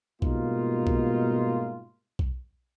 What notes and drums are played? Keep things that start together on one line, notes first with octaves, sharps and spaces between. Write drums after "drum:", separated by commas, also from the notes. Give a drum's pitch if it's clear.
G#2 B2 G3 A#3 D#4 F4, drum: kick
drum: kick
drum: kick